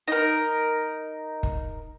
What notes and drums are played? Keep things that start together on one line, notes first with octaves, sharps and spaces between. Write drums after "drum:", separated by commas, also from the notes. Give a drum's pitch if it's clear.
D#4 A#4
drum: kick